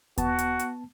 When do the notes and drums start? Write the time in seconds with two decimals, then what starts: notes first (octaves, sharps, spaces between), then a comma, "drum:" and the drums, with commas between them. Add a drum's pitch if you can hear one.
0.18 B3 F#4 A5, drum: kick D#2, hi-hat
0.39 drum: hi-hat
0.59 drum: hi-hat